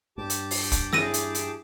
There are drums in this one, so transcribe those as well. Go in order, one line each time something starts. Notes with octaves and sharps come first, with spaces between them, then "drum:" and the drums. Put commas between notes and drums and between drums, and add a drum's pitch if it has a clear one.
G2 G4 A5 D6
drum: hi-hat
drum: open hi-hat
drum: kick, hi-hat
E4 G#4 E6 A#6 D#7, drum: snare
drum: hi-hat
drum: hi-hat